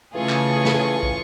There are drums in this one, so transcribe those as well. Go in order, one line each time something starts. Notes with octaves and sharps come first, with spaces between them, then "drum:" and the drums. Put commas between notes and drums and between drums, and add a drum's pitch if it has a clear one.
C#3 E3 A3 F4 G#4 A4 C#6
drum: clap
drum: snare
drum: kick